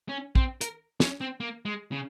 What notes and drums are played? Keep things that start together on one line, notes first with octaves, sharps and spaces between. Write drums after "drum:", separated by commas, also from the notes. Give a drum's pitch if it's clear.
C#4
C4, drum: kick
A#4, drum: hi-hat
C#4, drum: snare
C4
A#3
G#3
C#3